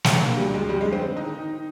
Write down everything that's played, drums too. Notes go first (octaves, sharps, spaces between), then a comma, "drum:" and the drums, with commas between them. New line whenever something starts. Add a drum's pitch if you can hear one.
drum: snare
D3 A#3
D2 G3
D2 G#3
F2 G3
G#3
D3
C4
D3
D#3 D#4
D#3
D#3